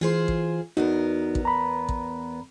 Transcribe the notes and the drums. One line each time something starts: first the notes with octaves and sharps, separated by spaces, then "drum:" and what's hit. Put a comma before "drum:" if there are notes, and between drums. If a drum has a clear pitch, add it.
E3 F4 G#4 C5
drum: kick A1
E2 B3 D#4 F#4 A#4
drum: kick A1
A#5 B5
drum: kick A1